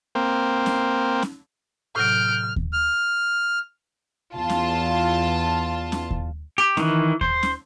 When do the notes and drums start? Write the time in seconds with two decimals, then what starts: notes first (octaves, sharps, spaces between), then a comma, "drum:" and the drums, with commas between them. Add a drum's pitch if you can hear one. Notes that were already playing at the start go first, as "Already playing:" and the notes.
0.15 A#3 C4
0.66 drum: snare
1.22 drum: snare
1.96 A2 C3 F#3 F6 G6 D7
2.56 drum: kick D#2
2.73 F6
4.35 E2 F4 A5
4.50 drum: snare
5.92 drum: snare
6.11 drum: kick D#2
6.58 G4
6.77 D#3 E3, drum: snare
7.21 C5, drum: kick D#2
7.43 drum: snare